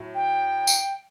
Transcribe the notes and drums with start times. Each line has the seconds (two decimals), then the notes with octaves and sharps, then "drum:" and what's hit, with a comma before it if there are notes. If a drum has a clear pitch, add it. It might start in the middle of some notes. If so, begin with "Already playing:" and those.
Already playing: A2 F#3
0.14 G5
0.67 drum: tambourine